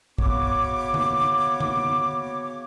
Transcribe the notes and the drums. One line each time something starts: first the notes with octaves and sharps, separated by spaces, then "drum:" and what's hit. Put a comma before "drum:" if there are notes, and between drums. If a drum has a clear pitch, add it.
C#3 B3 F#4 C#5 D6, drum: kick
drum: tom D3
drum: tom D3